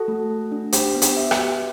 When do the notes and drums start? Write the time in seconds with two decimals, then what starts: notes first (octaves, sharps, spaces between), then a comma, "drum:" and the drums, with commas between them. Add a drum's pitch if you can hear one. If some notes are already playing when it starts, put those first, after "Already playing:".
Already playing: F#4 A4
0.08 A3
0.30 A3
0.52 D4
0.72 G4 C5, drum: hi-hat
0.95 B3
1.02 G4, drum: hi-hat
1.17 E5
1.31 G4 B4, drum: rim click
1.38 F#4